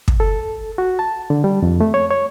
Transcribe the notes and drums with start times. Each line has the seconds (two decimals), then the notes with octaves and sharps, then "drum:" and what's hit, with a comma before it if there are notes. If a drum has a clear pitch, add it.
0.08 drum: kick
0.20 A4
0.78 F#4
0.99 A5
1.30 D3
1.44 G3
1.62 F2
1.81 A3
1.94 C#5
2.11 C#5